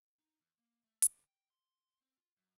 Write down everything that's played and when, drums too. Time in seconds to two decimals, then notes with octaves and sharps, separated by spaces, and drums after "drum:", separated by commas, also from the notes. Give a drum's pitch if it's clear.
0.19 D#4
0.41 E2
0.58 A#3
0.84 A3
1.02 D3, drum: hi-hat
1.27 G5
1.50 C6
2.01 C4
2.17 F4
2.37 F#2